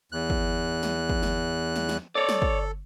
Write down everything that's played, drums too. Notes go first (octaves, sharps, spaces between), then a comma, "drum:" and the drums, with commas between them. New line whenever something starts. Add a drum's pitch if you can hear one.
E2 F#6
drum: kick
drum: snare
drum: kick
drum: snare
drum: snare
drum: snare
A4 C#5 D5
drum: snare
drum: kick